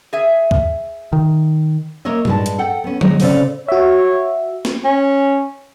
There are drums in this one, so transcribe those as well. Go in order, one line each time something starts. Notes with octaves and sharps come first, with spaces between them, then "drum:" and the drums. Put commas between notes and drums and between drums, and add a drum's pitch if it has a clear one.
G#4 E5
drum: kick
D#3
A#3 A#4 C#5 D#5 E5
G2 G#3 A5, drum: tom A2
drum: hi-hat
A4 F#5 G5
B3 C#4
F#3 G#3, drum: tom D3
A2 C#3 C4 A4 D5 F5, drum: open hi-hat
F#4 C#5 E5
drum: snare
C#4